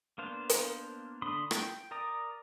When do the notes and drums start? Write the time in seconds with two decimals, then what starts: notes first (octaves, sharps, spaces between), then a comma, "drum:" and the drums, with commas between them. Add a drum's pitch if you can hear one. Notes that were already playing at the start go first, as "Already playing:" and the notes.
0.18 A#3 B3 D4 C5 F5
0.49 drum: hi-hat
1.22 D3 D4 B5 C6 D#6
1.51 G5, drum: rim click
1.91 A#4 D5 A#5 D#6